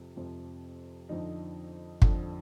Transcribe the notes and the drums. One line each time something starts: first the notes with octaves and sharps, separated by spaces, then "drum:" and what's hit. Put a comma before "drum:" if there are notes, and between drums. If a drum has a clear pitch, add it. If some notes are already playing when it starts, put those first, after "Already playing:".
Already playing: F2 C3 F3
F2 C3 F3
F2 D3 F3 D#4
F2 D3 F3, drum: kick